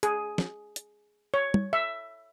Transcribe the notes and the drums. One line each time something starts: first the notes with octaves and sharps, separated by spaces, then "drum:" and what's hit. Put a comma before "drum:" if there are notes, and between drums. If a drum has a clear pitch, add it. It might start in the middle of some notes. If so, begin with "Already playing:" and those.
G#4, drum: hi-hat
drum: snare
drum: hi-hat
C#5
drum: tom
E5